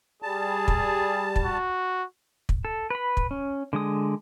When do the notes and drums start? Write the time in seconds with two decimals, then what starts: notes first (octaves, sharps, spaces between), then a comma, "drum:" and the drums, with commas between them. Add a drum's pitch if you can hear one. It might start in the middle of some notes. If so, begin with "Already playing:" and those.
0.22 G3 G#4 A5
0.68 drum: kick
1.36 drum: kick
1.45 F#4
2.49 drum: kick
2.65 A4
2.90 B4 B5
3.17 drum: kick
3.31 C#4
3.73 D3 G#3 D#6